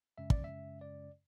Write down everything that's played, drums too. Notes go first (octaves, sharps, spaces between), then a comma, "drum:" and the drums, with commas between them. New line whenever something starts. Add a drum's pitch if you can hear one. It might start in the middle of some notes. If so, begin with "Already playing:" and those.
F#2 C#3 G#3 C#4 E5
D5, drum: kick
E5
D5